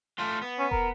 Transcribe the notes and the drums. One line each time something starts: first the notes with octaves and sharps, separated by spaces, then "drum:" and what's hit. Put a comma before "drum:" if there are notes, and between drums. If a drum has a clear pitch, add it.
A3 F4
B3
C#4
A#4, drum: kick